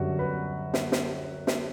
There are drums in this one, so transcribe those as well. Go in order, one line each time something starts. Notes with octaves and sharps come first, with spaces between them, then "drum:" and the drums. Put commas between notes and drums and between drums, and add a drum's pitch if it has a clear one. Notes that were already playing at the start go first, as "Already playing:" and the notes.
Already playing: F#2 D3 G3 F#4
B4
drum: snare
drum: snare
drum: snare